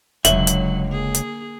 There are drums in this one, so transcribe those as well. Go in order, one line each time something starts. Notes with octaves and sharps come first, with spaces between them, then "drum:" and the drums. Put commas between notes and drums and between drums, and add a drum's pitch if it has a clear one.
E1 C#2 G#2 D3 F#3 E5 F#7, drum: hi-hat
drum: hi-hat
A#3 G#4
drum: hi-hat